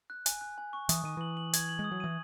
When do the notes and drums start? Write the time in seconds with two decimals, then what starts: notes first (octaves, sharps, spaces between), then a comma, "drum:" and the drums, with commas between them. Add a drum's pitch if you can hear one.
0.10 F#6
0.26 G#5, drum: hi-hat
0.41 F#6
0.58 G#5
0.73 C#6
0.89 E3 D#6, drum: hi-hat
1.04 D#3 D#7
1.17 E3 F#7
1.37 F#7
1.53 G#6, drum: hi-hat
1.69 F#7
1.79 G#3
1.84 D#6
1.92 F#3
2.00 E3 D#7